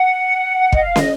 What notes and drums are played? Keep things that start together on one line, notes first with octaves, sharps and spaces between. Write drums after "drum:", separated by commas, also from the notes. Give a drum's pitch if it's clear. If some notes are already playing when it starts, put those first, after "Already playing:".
Already playing: F#5
D#5, drum: kick
F5
D#5, drum: snare